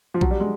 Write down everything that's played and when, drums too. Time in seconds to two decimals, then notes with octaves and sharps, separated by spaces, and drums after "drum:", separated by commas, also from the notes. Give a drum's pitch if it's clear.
0.14 F3
0.21 F#3, drum: kick A#1
0.31 G3
0.40 G#3